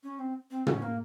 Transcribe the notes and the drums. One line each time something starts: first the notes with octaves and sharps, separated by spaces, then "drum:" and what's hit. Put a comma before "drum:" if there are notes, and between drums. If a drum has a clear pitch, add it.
C#4
C4
C4
C#4, drum: tom
A#3